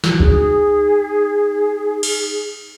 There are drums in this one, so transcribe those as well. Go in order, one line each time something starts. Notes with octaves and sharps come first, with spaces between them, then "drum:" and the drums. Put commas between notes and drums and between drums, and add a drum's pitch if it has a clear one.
F#4, drum: snare
D#4 G#4, drum: kick C#2
drum: cymbal